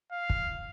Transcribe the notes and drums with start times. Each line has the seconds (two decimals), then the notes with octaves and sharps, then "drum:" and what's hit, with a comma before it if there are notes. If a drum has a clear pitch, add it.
0.12 F5
0.30 drum: kick